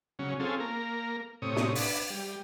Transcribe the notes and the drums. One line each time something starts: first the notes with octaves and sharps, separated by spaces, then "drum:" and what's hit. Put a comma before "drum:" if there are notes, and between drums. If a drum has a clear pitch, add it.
C#3 F#3 C#4
C4 C#4 F4 G#4 A4
A#3 A#4
A2 C3 C#5 D#6
drum: snare
D4 B4, drum: open hi-hat
G3